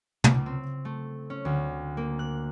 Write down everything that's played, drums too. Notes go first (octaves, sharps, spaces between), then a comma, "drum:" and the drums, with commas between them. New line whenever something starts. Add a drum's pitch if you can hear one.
C#2, drum: tom
C4
A3
C#4
D2
A#3
F#6